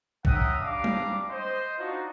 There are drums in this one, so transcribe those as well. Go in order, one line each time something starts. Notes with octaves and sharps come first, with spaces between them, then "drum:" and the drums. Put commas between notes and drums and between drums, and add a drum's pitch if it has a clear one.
C#4 E5 F#5 G5 A#5 D#6, drum: kick A#1
G3 D4 F5 A#5 D6
drum: tom G3
C5 D#5
D4 D#4 F4 F#4